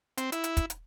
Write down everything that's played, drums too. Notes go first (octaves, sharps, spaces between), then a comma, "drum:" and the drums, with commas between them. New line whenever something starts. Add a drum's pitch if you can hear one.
C4, drum: hi-hat
E4, drum: hi-hat
drum: hi-hat
drum: kick, hi-hat
drum: hi-hat